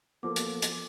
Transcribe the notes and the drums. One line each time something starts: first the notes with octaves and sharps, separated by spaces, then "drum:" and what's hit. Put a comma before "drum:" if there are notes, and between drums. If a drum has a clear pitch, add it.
F3 A#3 B3 A4 D6
drum: hi-hat
drum: hi-hat